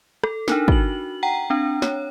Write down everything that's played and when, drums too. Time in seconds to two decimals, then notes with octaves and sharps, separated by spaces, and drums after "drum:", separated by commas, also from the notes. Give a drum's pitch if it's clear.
0.23 A4, drum: rim click
0.48 D4 D#4 A#4, drum: snare
0.68 F#4 F#7, drum: kick
1.23 F#5 G5 A#5
1.50 C4 D4
1.82 C#5, drum: snare